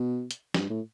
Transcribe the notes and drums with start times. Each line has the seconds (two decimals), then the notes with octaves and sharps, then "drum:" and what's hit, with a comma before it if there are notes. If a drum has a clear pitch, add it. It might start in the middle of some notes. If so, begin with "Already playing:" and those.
Already playing: B2
0.31 drum: hi-hat
0.54 G2, drum: snare
0.70 A2